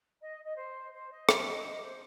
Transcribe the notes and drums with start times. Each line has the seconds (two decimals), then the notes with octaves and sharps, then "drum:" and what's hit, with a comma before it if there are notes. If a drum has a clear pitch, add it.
0.21 D#5
0.44 D#5
0.56 C5
0.93 C5
1.11 D#5
1.29 C5, drum: rim click
1.46 D#5
1.65 D#5
1.82 C5